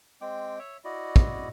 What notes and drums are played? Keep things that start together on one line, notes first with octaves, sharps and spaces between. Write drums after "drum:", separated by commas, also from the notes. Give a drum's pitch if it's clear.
G#3 C4 G5 D6
C#5 E5
E4 F#4 D5 D#5
drum: kick